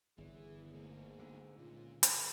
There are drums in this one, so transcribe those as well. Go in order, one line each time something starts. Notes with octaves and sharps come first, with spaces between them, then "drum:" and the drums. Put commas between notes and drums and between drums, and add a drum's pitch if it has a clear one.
G1 E2 E3 G#4
G#2 A3 A#3
B1 D3
C#2 A#2 F4
G2 G#3 A#4 E5, drum: hi-hat